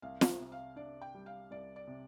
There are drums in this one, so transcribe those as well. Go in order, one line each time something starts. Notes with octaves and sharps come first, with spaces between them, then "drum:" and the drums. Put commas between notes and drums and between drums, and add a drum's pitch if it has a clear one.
C2 F5
drum: snare
C3
F5
D4 D5
G5
G3
F5
C2 D5
D5
C3